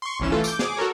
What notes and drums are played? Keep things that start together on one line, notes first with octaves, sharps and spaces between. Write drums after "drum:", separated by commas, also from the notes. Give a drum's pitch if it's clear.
C6 C#6
G1 C2 E3 C#4 E7
E3 A3 F4 A4
D6 G6, drum: tambourine
G#4 D6, drum: snare
F#4 A4 A#4 C#5